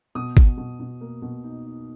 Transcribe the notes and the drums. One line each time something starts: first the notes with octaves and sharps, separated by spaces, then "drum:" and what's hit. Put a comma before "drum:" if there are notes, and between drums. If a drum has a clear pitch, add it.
B2 D#6
B2, drum: kick
B2
B2
A#3
B2
D#4
D#4